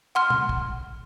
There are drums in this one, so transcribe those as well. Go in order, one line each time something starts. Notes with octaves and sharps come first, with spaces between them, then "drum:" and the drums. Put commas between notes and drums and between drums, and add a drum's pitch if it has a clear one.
F#5 C6 F6
drum: tom
drum: kick